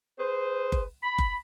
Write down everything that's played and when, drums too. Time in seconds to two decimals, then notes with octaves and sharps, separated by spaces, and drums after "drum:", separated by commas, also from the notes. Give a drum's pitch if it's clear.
0.19 G#4 B4 C5
0.72 drum: kick F#1
1.03 B5
1.18 drum: kick F#1